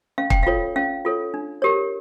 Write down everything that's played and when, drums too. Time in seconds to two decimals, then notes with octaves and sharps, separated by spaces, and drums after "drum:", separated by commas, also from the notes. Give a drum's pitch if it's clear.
0.18 C#4 F5
0.30 G5, drum: kick
0.43 F4 A4 C#5 F5
0.76 C#4 F5
1.05 F4 A4 C#5
1.34 D4
1.62 G4 A#4 C#5